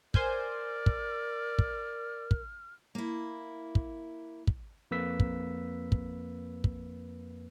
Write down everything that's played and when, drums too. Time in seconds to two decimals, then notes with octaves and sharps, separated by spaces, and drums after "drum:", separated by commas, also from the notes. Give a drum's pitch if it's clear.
0.14 A#4 C5 D5 G#5 F6 G6, drum: kick
0.86 drum: kick
1.59 drum: kick
2.31 drum: kick
2.95 A#3 E4
3.75 drum: kick
4.47 drum: kick
4.91 F2 A#3 B4 E6 B6
5.20 drum: kick
5.92 drum: kick
6.64 drum: kick